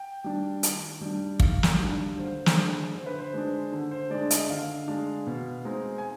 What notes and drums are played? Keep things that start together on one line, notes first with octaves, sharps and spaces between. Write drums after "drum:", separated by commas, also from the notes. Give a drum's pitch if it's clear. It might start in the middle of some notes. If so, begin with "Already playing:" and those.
Already playing: G5
G3 D4
D#3, drum: hi-hat
G3 D4
D#3 F5, drum: kick
drum: snare
G3 D4
D3 C5
drum: snare
G#3 D4
D3 C5
B4
C5
G#3 D4
D3
C5
G#3 D4 D5
D#5, drum: hi-hat
D3 F5
G#3 D4
B2
G#3 C4 D#4
G#5